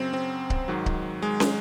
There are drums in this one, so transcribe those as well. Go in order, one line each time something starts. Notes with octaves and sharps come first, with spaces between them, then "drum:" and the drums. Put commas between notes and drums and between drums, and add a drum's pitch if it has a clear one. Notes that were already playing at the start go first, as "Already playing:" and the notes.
Already playing: F#2 C#3 F#3 C4
C4
drum: kick C#1
G#2 D#3 F#3
drum: kick C#1
G#3
drum: snare